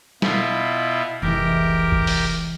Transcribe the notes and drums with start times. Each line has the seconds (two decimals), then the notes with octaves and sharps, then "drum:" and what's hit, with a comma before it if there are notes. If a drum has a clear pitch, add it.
0.22 B2 E4 F4, drum: snare
1.22 F1 C2 E3 G#3 E4 G4 A#4
1.92 drum: kick
2.07 drum: open hi-hat